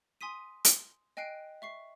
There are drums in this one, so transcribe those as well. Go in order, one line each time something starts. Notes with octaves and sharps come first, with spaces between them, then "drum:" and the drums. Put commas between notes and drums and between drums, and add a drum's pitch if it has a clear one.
G#5 C6 D#6 B6 D#7
drum: hi-hat
D#5 G5 G#5 F#6 C7 D7
E5 C#6 C7